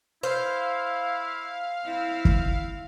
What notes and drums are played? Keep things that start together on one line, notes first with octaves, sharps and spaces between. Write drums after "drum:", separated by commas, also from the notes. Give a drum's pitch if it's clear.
E4 C5 F5
C4 E4
drum: kick